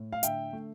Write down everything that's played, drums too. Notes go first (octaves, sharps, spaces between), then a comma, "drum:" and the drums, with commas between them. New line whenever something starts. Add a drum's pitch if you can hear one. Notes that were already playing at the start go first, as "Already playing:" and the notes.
Already playing: A2
F5
D3 E5 G5, drum: hi-hat
A3